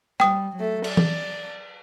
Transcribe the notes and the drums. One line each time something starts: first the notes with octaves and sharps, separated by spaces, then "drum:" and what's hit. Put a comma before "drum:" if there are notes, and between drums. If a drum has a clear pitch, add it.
G3 G5 D#6, drum: rim click
F#3 A3
D5, drum: cymbal
drum: tom E3